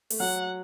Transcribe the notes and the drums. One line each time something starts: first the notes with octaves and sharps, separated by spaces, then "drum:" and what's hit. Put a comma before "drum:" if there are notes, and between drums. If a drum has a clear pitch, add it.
A3, drum: open hi-hat
F#3 F#5